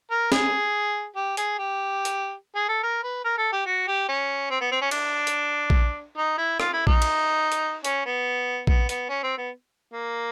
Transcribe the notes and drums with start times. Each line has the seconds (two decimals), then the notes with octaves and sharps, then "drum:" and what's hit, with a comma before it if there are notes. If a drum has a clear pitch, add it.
0.11 A#4
0.32 G#4, drum: snare
1.16 G4
1.37 G#4, drum: hi-hat
1.58 G4
2.05 drum: hi-hat
2.55 G#4
2.68 A4
2.83 A#4
3.03 B4
3.24 A#4
3.38 A4
3.52 G4
3.66 F#4
3.88 G4
4.09 C#4
4.51 C4
4.61 B3
4.72 C4
4.82 C#4
4.91 D4, drum: cymbal
5.27 drum: hi-hat
5.70 drum: kick A#1
6.17 D#4
6.38 E4
6.60 F4, drum: rim click
6.73 E4
6.87 D#4, drum: kick A#1
7.02 drum: cymbal
7.52 drum: hi-hat
7.85 C#4, drum: hi-hat
8.06 B3
8.67 B3, drum: kick A#1
8.89 B3, drum: hi-hat
9.09 C#4
9.23 C4
9.38 B3
9.93 A#3